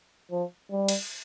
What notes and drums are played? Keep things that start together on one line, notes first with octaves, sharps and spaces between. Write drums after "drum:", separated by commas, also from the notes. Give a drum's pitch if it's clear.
F3
G3
drum: cymbal